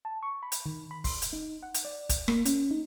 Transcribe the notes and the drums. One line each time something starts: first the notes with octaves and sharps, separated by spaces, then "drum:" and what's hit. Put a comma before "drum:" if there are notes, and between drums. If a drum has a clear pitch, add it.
A5
C#6
B5
drum: hi-hat
D#3
B5
C6, drum: kick, open hi-hat
drum: hi-hat
D#4
F#5
drum: hi-hat
D5
drum: kick, hi-hat
A#3, drum: rim click
C#4, drum: hi-hat
D#4